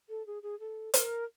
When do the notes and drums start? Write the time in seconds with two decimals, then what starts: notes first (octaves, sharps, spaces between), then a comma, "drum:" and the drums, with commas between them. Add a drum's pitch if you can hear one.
0.09 A4
0.27 G#4
0.43 G#4
0.60 A4
0.94 A#4, drum: hi-hat